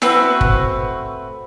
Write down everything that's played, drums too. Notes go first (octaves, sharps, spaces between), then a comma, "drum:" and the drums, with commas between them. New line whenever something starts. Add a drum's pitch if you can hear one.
A3 C4 F#4 B4, drum: snare E4
drum: kick